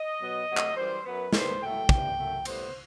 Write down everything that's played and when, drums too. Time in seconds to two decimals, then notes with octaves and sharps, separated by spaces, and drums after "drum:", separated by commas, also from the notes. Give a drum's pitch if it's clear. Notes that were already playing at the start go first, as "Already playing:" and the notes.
Already playing: D#5
0.20 B2 F#3 B3
0.48 C3 F#3 A3
0.57 drum: clap
0.76 F#2 E3 G3 C5
1.04 F#2 F#3 B3 B4
1.33 G2 D#3 G3 B3 C5, drum: snare
1.61 A2 F#3 A3 G5
1.89 G2 E3 G3, drum: kick
2.17 F#2 F#3 A3
2.45 A2 G3 B3 C5, drum: cymbal